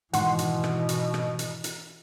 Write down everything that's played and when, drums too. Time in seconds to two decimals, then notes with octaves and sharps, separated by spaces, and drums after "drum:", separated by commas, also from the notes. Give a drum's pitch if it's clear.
0.13 G#2 B2 D#3 E3 F#5 C6, drum: hi-hat
0.39 drum: hi-hat
0.64 drum: rim click
0.89 drum: hi-hat
1.14 drum: rim click
1.39 drum: hi-hat
1.64 drum: hi-hat